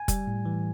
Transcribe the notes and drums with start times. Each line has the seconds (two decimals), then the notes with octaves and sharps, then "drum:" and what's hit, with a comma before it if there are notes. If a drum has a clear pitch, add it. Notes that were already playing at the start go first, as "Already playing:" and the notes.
Already playing: G#5
0.08 G3, drum: kick F1, hi-hat
0.27 A2
0.45 E3